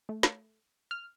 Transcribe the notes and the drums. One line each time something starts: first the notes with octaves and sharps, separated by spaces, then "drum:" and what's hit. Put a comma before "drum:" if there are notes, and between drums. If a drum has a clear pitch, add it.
A3
drum: snare
F6